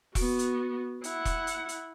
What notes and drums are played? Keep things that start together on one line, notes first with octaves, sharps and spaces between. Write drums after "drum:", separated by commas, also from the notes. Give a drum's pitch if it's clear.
B3 F#4, drum: kick E1, open hi-hat
drum: hi-hat
E4 F#5, drum: hi-hat
drum: kick E1, hi-hat
drum: hi-hat
drum: hi-hat